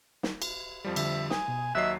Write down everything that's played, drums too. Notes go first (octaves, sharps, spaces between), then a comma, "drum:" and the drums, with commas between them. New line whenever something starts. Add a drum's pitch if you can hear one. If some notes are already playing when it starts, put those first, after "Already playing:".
drum: snare
drum: cymbal
F2 F3 G3
D3 E5, drum: cymbal
G#5 D#6, drum: snare
B2
D#2 F#3 D#5 E5 F#6 C7